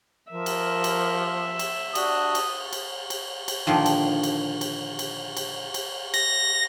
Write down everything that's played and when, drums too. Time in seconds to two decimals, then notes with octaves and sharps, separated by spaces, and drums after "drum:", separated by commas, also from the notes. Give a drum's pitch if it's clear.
0.32 F3 A#4 E5
0.46 drum: cymbal
0.84 drum: cymbal
1.59 drum: cymbal
1.95 D4 F#4 D#6, drum: cymbal
2.35 drum: cymbal
2.73 drum: cymbal
3.10 drum: cymbal
3.48 drum: cymbal
3.67 A#2 D3 D#3 F3
3.86 drum: cymbal
4.23 drum: cymbal
4.61 drum: cymbal
4.99 drum: cymbal
5.37 drum: cymbal
5.74 drum: cymbal
6.14 A#6, drum: cymbal